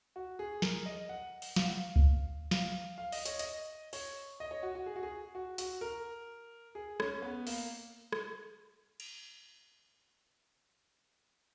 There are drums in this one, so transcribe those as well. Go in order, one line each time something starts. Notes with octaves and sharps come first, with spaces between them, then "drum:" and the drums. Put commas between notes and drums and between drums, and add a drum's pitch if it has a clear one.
F#4
G#4
A#4, drum: snare
D#5
F#5
drum: open hi-hat
F5, drum: snare
F#5
F5
drum: kick C#2
F5, drum: snare
F5
D#5, drum: open hi-hat
C#5, drum: hi-hat
D#5, drum: hi-hat
C#5, drum: open hi-hat
D#5
C#5
F#4
F#4
G#4
F#4
G#4
F#4
F#4, drum: hi-hat
A#4
G#4
C#4, drum: rim click
B3
A#3, drum: open hi-hat
drum: rim click
drum: cymbal